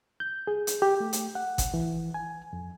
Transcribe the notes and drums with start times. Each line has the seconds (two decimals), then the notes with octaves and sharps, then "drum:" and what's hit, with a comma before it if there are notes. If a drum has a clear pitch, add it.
0.20 G6
0.47 G#4
0.67 drum: hi-hat
0.82 G4
1.00 A3
1.13 drum: hi-hat
1.35 F#5
1.58 drum: kick G#1, hi-hat
1.74 E3
2.14 G#5
2.53 F2